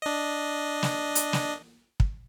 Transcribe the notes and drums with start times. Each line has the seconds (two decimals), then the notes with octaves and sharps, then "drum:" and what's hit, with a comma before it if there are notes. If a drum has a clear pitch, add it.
0.02 D4 D#5
0.83 drum: snare
1.15 drum: hi-hat
1.33 drum: snare
2.00 drum: kick